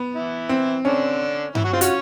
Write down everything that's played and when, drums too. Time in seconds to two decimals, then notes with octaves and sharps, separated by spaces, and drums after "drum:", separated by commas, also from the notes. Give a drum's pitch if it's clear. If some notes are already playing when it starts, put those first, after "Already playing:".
Already playing: B3
0.15 E3 E4
0.49 C4
0.85 D3 C#4 D4
1.55 E3 E4, drum: tom G2
1.64 F#3 F#4
1.73 C4 F4 C5
1.81 C#4 F#4 C#5, drum: hi-hat